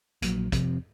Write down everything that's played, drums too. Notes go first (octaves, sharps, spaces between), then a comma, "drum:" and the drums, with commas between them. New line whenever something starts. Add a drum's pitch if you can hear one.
A#1 A#2 F#3, drum: hi-hat
F1 F2 C3, drum: kick, hi-hat